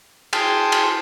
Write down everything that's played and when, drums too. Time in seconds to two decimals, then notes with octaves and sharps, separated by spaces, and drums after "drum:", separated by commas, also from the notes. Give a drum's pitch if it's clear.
0.33 G#4 G5 A5 C6, drum: cymbal
0.72 drum: cymbal